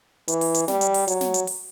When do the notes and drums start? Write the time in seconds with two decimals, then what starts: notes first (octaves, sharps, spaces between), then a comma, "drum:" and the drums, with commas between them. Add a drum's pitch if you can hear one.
0.28 E3, drum: hi-hat
0.41 drum: open hi-hat
0.54 drum: hi-hat
0.68 G3, drum: snare
0.81 drum: hi-hat
0.94 drum: open hi-hat
1.08 F#3, drum: hi-hat
1.21 drum: snare
1.34 drum: hi-hat
1.47 drum: open hi-hat